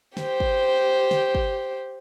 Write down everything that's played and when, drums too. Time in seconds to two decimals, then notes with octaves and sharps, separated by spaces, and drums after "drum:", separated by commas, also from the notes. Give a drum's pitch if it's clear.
0.17 G4 C5, drum: snare
0.40 drum: kick
1.11 drum: snare
1.35 drum: kick